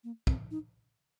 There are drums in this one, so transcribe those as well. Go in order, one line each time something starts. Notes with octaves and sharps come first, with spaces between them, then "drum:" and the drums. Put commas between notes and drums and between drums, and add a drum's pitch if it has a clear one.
A#3
C4, drum: kick
D#4